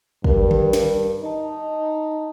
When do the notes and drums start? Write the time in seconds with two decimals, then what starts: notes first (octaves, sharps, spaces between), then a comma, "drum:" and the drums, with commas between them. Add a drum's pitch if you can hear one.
0.24 G2 A#4, drum: kick
0.51 drum: tom D3
0.73 drum: snare
1.23 D#4 D#5 A5